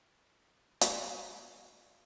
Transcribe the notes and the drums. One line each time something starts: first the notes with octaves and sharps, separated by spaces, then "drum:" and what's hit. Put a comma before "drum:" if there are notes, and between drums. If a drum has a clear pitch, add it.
A2 F#3 C#4 F4 B4
drum: hi-hat
B3 D4 F4
F#3 C#4 F4